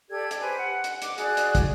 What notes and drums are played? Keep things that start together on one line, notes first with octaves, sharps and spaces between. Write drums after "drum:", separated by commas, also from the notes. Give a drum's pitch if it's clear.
G4 A4 D5 G#6
drum: hi-hat
G4 B4 C5 G#5
F#5
drum: hi-hat
D6, drum: hi-hat
F#4 G#4 D5 F#6, drum: hi-hat
drum: hi-hat
drum: kick, hi-hat